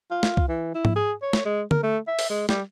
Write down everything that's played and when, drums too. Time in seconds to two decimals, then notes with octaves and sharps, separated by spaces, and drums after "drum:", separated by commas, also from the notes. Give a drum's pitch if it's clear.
0.11 F4
0.23 drum: snare
0.37 drum: kick C2
0.48 E3
0.74 E4
0.85 drum: tom G#2
0.96 G#4
1.22 C#5
1.33 drum: snare
1.45 G#3
1.71 A#4, drum: tom D3
1.83 A3
2.07 E5
2.19 drum: open hi-hat
2.30 G#3
2.49 G3, drum: snare